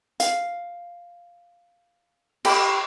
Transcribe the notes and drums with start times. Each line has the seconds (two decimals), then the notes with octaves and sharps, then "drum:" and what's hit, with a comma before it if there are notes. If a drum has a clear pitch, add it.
0.20 F5, drum: hi-hat
2.45 G4 G5 B5, drum: cymbal